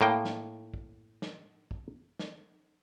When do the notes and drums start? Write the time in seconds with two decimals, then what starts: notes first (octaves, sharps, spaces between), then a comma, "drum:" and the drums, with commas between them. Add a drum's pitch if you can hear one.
0.01 A2 A#3 G5
0.25 drum: snare
0.74 drum: kick
1.22 drum: snare
1.71 drum: kick
2.19 drum: snare